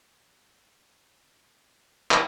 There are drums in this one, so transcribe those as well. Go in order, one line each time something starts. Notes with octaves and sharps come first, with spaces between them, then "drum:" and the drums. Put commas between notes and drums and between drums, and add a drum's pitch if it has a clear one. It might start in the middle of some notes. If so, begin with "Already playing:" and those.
C5
C3 D#3 C4 G#4
C3 F3 D#4 A4 C5
C#3 G3 D4 F4 G#4
drum: clap